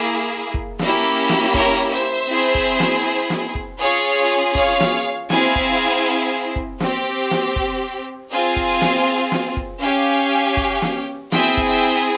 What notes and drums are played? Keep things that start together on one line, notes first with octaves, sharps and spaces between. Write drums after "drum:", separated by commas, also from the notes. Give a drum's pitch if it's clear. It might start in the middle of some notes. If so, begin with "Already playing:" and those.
Already playing: A#3 E4 G#4
drum: kick
A#3 C#4 E4 G4, drum: snare
drum: snare
A#4 C#5, drum: kick
C5 E5
C4 E4 G#4
drum: kick
drum: snare
drum: snare
drum: kick
C#4 F4 G#4 C#5 F5
C#5 F5, drum: kick
drum: snare
C4 E4 G#4 F5 G#5, drum: snare
drum: kick
drum: kick
C4 G4, drum: snare
drum: snare
drum: kick
C4 F4 G#4 F5 G#5
drum: kick
drum: snare
drum: snare
drum: kick
C#4 G4 F5 G#5
drum: kick
drum: snare
C4 E4 G#4 E5 G5, drum: snare
drum: kick
E5 G5